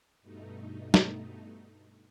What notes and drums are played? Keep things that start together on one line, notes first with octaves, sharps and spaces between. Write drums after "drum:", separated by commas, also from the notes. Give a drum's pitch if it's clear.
G2 B2 A3 D#4
drum: snare